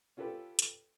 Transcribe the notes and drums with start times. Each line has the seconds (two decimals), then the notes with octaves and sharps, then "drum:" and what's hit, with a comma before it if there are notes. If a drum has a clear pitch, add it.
0.17 C#4 F4 G4 A4 B4
0.59 drum: hi-hat